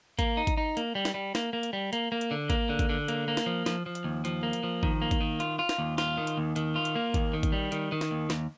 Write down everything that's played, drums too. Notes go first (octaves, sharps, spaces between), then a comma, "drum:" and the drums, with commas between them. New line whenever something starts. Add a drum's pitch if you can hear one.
A#3, drum: kick G#1, hi-hat
D#4
drum: kick G#1, hi-hat
D#4
A#3, drum: hi-hat
G3
drum: snare
G3
A#3, drum: snare
A#3
drum: hi-hat
G3
A#3, drum: hi-hat
A#3
drum: hi-hat
D3
A#3, drum: kick G#1, hi-hat
D3
drum: kick G#1, hi-hat
D3
A#3, drum: hi-hat
A#3
drum: snare
F3
F3, drum: snare
F3
drum: hi-hat
D#2
F3, drum: hi-hat
A#3
drum: hi-hat
F3
D#3, drum: kick G#1
A#3
drum: kick G#1, hi-hat
D#3
F4, drum: hi-hat
F4
drum: snare
D#2
F4, drum: snare
D#3
drum: hi-hat
D#2
D#3, drum: hi-hat
F4
drum: hi-hat
A#3
D#2, drum: kick G#1, hi-hat
D#3
drum: kick G#1, hi-hat
G3
D#3, drum: hi-hat
D#3
drum: snare
D#2
D#2, drum: snare